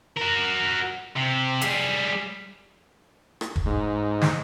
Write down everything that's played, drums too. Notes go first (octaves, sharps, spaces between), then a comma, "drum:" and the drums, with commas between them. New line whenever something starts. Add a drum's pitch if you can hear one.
F#4 A#4
C3
G3 G#4, drum: hi-hat
drum: rim click
drum: kick
G#2
drum: snare